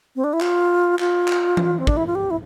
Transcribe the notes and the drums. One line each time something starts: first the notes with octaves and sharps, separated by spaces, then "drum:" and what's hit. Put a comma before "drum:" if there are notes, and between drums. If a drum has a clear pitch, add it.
C4
D4
E4
F4, drum: clap
F4, drum: clap
drum: clap
drum: tom E3
C4
D4, drum: kick
E4
F4
G4
E4